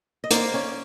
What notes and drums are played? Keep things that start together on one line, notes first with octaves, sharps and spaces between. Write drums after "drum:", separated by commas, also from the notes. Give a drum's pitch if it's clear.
D#5
A#3 C5 D5, drum: hi-hat
C#4